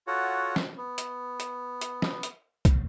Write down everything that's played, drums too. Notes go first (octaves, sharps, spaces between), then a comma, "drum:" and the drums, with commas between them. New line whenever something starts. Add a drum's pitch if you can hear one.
F4 F#4 A4 C#5 F#5
drum: snare
B3
drum: hi-hat
drum: hi-hat
drum: hi-hat
drum: snare
drum: hi-hat
drum: kick, hi-hat